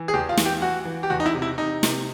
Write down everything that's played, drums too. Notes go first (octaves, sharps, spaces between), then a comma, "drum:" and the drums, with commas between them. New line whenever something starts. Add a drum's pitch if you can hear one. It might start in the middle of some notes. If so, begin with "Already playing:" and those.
Already playing: E3
G#4
E2 G4
F4
E3, drum: snare
G4
E3 F#4
E3
G4
E2 F#4
D#4
E4
C3
E4
C3 D#4
C3, drum: snare